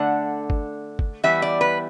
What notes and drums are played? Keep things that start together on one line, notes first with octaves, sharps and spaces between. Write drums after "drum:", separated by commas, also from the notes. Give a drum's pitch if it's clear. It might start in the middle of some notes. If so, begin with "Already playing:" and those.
Already playing: D3 A3 D4 F#5
drum: kick G1
drum: kick G1
E3 G3 B3 E5
D5
B4